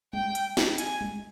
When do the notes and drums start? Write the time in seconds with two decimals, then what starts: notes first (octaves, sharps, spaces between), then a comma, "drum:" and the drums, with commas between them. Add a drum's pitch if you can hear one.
0.13 G5, drum: tom G3
0.35 drum: hi-hat
0.57 drum: snare
0.78 G#5, drum: hi-hat
1.01 drum: tom G3